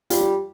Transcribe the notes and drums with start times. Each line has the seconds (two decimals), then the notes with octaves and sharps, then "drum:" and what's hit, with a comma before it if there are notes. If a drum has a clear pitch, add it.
0.10 G3 F4, drum: hi-hat
0.21 F4